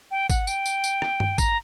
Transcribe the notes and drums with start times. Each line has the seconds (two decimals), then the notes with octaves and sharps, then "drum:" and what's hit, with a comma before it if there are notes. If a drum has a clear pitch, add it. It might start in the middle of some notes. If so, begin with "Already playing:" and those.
0.11 G5
0.30 F#5, drum: kick, tambourine
0.47 G5, drum: tambourine
0.66 drum: tambourine
0.84 drum: tambourine
1.02 drum: rim click
1.20 drum: tom G2
1.38 A#5, drum: kick, tambourine